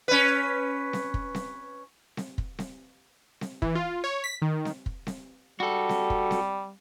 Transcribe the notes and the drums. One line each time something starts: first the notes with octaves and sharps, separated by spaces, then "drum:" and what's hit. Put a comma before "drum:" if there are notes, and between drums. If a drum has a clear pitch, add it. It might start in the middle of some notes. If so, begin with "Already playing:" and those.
C#4 B4
drum: snare C4
drum: kick
drum: snare C4
drum: snare C4
drum: kick
drum: snare C4
drum: snare C4
E3, drum: kick
F4
C#5
B6
D#3
drum: snare C4
drum: kick
drum: snare C4
G3 F#4 A4
drum: snare C4
drum: kick
drum: snare C4